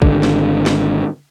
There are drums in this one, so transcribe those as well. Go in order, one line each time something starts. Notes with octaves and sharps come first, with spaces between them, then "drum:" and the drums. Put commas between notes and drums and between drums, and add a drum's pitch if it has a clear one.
G#1 D3, drum: kick
drum: snare
drum: snare